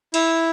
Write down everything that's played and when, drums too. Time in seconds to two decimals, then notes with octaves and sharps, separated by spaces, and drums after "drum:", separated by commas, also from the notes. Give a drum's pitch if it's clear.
0.14 E4, drum: cymbal